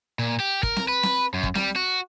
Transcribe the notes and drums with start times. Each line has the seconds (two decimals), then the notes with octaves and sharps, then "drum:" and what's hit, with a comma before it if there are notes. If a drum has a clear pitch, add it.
0.19 A#2
0.40 G4
0.63 A#4, drum: kick
0.76 drum: snare C4
0.88 B4
1.03 drum: snare C4
1.34 F#2
1.43 drum: kick
1.55 G3, drum: snare C4
1.76 F#4